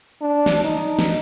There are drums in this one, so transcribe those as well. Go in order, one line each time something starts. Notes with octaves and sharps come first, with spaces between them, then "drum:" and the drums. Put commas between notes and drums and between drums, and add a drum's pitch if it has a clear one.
D4
drum: snare
D#4
drum: snare